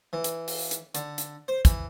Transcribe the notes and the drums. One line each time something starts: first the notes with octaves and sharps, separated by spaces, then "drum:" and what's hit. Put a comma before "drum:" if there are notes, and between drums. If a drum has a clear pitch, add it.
E3
drum: hi-hat
drum: open hi-hat
drum: hi-hat
D3, drum: hi-hat
drum: hi-hat
C5
E3, drum: kick, hi-hat